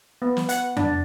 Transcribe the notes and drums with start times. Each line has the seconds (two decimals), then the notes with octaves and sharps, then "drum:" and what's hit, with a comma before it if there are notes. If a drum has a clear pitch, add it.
0.22 B3
0.37 drum: snare
0.49 F#5, drum: hi-hat
0.77 D4, drum: tom F2